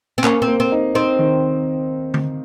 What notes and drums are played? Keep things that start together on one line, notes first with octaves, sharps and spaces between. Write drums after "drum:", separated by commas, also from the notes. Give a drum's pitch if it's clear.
C4
A#3 C#4, drum: clap
C4
A#3
C4
D#4
C4 D#4
D#3
drum: tom D3